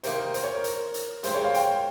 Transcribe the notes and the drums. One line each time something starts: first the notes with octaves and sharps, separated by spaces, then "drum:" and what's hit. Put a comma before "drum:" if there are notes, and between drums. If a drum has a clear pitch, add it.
C3 D#3 A#3 D#4 C5, drum: hi-hat
A#4
C5, drum: hi-hat
C#5
A#4
drum: hi-hat
drum: hi-hat
G2 D#3 G#3 C4 C5, drum: hi-hat
C#5
F5
G5, drum: hi-hat